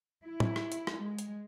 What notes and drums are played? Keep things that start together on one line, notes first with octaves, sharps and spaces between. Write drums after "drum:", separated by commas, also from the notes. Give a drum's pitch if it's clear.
E4
drum: tom
drum: rim click
drum: hi-hat
drum: rim click
G#3
drum: hi-hat